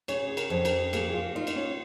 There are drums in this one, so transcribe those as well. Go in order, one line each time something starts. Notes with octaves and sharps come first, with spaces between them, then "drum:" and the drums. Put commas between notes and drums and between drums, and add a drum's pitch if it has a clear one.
C#3 C#5, drum: cymbal
G#4
A#4, drum: cymbal
F2
A#4, drum: cymbal
A#3 G#4, drum: cymbal
G#4
F4
D#4 F4
D#4, drum: cymbal
C#4